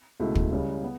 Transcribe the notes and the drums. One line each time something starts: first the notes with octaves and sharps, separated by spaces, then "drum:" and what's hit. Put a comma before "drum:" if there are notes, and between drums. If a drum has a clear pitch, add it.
C#2 B2 A3 E4
drum: kick
C#2 C#3 G3
B3